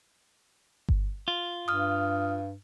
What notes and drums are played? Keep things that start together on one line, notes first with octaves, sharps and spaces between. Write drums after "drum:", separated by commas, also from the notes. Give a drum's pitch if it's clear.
drum: kick G1
F4
G2 D#6 F6